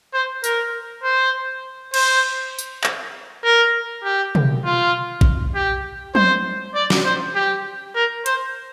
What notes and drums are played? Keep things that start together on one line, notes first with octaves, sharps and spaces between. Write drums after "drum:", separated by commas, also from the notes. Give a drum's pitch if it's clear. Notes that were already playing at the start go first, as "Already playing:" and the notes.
C5
A#4, drum: tambourine
C5
C5, drum: cymbal
drum: tambourine
drum: clap
A#4
G4
drum: tom
F4
drum: kick
G4
C5, drum: tom
D5
drum: snare
C5
G4
A#4
C5, drum: hi-hat